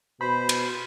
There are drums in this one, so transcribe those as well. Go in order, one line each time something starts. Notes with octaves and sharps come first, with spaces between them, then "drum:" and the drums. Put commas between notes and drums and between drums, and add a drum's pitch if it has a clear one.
B2 C5 B5
drum: cymbal